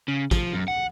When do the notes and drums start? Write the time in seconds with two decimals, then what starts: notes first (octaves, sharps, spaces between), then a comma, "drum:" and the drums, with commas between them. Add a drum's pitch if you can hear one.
0.08 C#3
0.31 F3, drum: kick, hi-hat
0.53 F#2
0.68 F#5